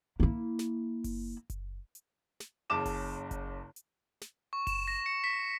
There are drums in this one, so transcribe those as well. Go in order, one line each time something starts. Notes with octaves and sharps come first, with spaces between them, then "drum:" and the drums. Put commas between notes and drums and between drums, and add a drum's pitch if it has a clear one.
A#3 E4
drum: snare
drum: kick F#1, open hi-hat
drum: kick F#1, hi-hat
drum: hi-hat
drum: snare
F#1 C#3 A5 D6 E7
drum: kick F#1, open hi-hat
drum: kick F#1, hi-hat
drum: hi-hat
drum: snare
C#6
E7, drum: kick F#1, open hi-hat
A#6
C#7
B6